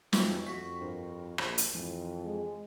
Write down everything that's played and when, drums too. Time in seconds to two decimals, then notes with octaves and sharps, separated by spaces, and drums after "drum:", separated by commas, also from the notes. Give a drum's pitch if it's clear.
0.13 F2 B2 E3 D#4 F4 B4, drum: snare
0.47 F2 F#4 C#6 B6
0.80 G2 A#4 C5
1.38 A#1 C5 A5, drum: rim click
1.58 drum: hi-hat
1.75 F2 E3
2.25 G#3